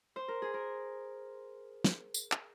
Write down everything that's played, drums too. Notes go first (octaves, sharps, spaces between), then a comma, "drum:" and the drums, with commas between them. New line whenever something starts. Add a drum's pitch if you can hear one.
C5
A#4
G#4
A#4
drum: snare
drum: tambourine
drum: clap